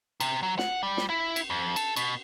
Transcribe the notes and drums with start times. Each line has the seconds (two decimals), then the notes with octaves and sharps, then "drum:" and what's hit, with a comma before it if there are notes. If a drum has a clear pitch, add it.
0.20 C3, drum: cymbal
0.43 F#3
0.59 F#5, drum: snare
0.83 G3
0.97 drum: snare
1.09 E4
1.36 drum: cymbal
1.50 F2
1.76 A4, drum: cymbal
1.96 B2, drum: cymbal